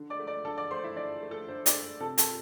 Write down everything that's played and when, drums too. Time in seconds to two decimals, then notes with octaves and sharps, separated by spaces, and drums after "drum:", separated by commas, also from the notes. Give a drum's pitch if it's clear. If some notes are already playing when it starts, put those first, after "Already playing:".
Already playing: D3
0.10 D5 D6
0.19 A3
0.27 D5 D6
0.45 D3 A4 A5
0.58 D5 D6
0.71 A3 C5 C6
0.84 E4 E5
0.96 D3 D4 D5
1.22 A3
1.31 A4
1.49 D3 C5
1.66 D4 D5, drum: hi-hat
1.75 A3
2.00 C3 A4 A5
2.18 A4 A5, drum: hi-hat